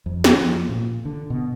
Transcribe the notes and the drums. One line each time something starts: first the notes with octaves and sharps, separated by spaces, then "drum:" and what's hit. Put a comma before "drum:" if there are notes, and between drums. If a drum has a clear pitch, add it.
F2
drum: snare
F3
A#2
D3
B2